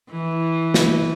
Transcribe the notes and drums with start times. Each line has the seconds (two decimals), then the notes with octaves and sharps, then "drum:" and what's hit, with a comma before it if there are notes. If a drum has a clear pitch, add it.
0.11 E3
0.74 drum: snare